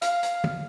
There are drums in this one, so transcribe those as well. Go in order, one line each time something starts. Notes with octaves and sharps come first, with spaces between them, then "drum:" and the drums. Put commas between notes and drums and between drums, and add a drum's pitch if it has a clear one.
F5, drum: hi-hat
drum: hi-hat
drum: tom